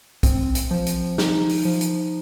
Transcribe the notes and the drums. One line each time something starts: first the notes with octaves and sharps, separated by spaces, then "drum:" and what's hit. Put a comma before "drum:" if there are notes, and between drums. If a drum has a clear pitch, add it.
C4, drum: kick, hi-hat
drum: hi-hat
F3
drum: hi-hat
D#4, drum: snare
drum: open hi-hat
F3
drum: hi-hat